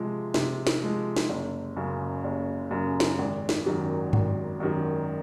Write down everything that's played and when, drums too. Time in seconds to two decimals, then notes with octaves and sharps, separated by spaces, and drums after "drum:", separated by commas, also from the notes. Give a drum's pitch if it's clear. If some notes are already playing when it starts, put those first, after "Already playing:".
Already playing: C3 F3 G#3
0.34 C3, drum: snare
0.67 drum: snare
0.81 F3 G#3
1.16 drum: snare
1.29 F#1
1.77 F#2 C#3
2.24 F#1
2.71 F#2 C#3
3.00 drum: snare
3.18 G#1
3.49 drum: snare
3.66 F#2 D#3 F#3
4.13 G#1, drum: tom G2
4.60 F#2 D#3 F#3